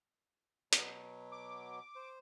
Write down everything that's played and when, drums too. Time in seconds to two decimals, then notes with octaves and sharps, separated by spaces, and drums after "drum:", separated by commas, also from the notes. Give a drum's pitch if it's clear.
0.73 B2 F#3, drum: hi-hat
1.32 D6
1.96 C5